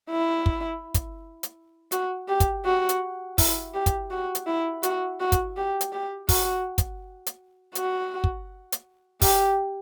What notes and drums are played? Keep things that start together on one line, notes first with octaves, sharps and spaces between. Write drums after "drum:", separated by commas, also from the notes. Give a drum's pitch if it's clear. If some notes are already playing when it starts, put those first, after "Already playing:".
E4
drum: kick
drum: kick, hi-hat
drum: hi-hat
F#4, drum: hi-hat
G4
drum: kick, hi-hat
F#4
drum: hi-hat
E4, drum: kick, open hi-hat
G4
drum: kick, hi-hat
F#4
drum: hi-hat
E4
F#4, drum: hi-hat
F#4
drum: kick, hi-hat
G4
drum: hi-hat
G4
F#4, drum: kick, open hi-hat
drum: kick, hi-hat
drum: hi-hat
F#4, drum: hi-hat
drum: kick
drum: hi-hat
G4, drum: kick, open hi-hat